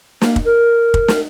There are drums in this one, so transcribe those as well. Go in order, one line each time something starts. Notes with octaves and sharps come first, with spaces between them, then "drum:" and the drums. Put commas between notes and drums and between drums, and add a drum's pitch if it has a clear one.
A#3, drum: snare
drum: kick
A#4
drum: kick
drum: snare